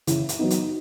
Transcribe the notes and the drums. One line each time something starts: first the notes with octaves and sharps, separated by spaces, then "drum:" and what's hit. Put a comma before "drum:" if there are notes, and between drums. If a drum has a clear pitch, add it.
C#3 E4, drum: hi-hat
drum: hi-hat
F#3 B3 D#4
drum: hi-hat